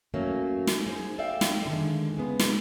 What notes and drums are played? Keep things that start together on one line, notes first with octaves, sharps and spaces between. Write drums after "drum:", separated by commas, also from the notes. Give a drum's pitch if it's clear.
F#3 A3 A#3 C#4
drum: snare
D#4 G#4 C5
A4 D5 E5 F5 G5
drum: snare
D3 D#3 G#3
C#3 G#3 B3
drum: snare